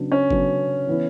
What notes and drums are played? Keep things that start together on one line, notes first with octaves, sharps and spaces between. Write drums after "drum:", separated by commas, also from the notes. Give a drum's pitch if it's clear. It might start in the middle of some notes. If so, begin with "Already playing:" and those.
Already playing: C#3 F#3 B3 D4
C#4
C#3 F#3 B3 D4, drum: kick G1
E3 B3 E4